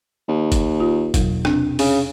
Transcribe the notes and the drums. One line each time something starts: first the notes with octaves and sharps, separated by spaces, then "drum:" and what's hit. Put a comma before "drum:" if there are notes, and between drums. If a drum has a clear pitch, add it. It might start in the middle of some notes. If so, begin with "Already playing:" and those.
D#2
drum: kick, hi-hat
F4
E2 B2 F#3, drum: kick, hi-hat
C3 C4 D4, drum: rim click
C#3, drum: open hi-hat